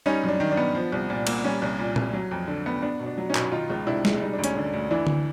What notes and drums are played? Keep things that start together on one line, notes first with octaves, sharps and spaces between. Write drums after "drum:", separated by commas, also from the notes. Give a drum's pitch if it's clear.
G3 C#4 D#4
F#2 D4
D#3
D4
B3
F3
C2
A#2
A#3, drum: cymbal
G3 C#4
C2
A#2
C2, drum: tom A#2
F#3
F2
D3
B3
B3 D4
B2
D4
F#3
C#4 D#4
B2, drum: clap
D#3 D#4 F4
C#2
C3 D4 E4
G#3, drum: snare
G3 D#4
D4
D2
C#4, drum: hi-hat
D3 D4
D2
E3 D4 E4
drum: tom D3